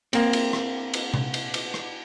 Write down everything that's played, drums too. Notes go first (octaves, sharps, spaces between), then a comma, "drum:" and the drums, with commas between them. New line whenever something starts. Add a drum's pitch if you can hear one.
A#3 C4, drum: cymbal
drum: cymbal
drum: rim click
drum: cymbal
drum: tom C3
drum: cymbal
drum: cymbal
drum: rim click